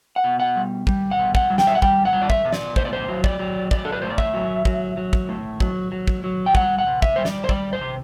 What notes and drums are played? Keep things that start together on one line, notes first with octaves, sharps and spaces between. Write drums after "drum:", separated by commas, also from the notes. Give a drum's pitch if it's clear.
F#5
B2
F#5
G3
G3, drum: kick
F#5
B2
F#5, drum: kick
G3
G5, drum: snare
E5
F#5
G3 G5, drum: kick
F#5
G3
D5
E5, drum: kick
B2
D5, drum: snare
A2 C5, drum: kick
D5
C5
F#3
D5, drum: kick
F#3
F#3 D5, drum: kick
A4
B4
A2 C5
D5
E5, drum: kick
F#3
F#3, drum: kick
F#3
drum: kick
A2
F#3, drum: kick
F#3
drum: kick
F#3
G5
G3 F#5, drum: kick
F#5
C3
E5, drum: kick
G3 C5
D5, drum: snare
C5
G3 D5, drum: kick
C5
C3